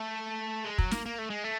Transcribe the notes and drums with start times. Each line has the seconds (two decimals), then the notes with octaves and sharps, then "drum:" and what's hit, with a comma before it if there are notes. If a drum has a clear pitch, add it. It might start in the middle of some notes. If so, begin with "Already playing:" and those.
Already playing: A3
0.65 G#3
0.78 F#3, drum: kick
0.91 A#3, drum: snare
1.06 A#3
1.18 A3
1.30 G#3
1.44 A3